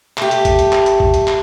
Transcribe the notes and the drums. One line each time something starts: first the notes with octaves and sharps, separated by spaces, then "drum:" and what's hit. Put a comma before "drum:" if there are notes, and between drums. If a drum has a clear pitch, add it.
A3 G4, drum: clap
drum: hi-hat
drum: kick, hi-hat
drum: hi-hat
drum: clap
drum: hi-hat
drum: kick
drum: hi-hat
drum: clap